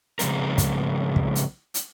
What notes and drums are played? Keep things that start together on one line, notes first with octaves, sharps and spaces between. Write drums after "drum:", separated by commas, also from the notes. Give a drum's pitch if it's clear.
C#3 F3 G#3 C4 A#4, drum: hi-hat
drum: kick, hi-hat
drum: kick
drum: hi-hat
drum: hi-hat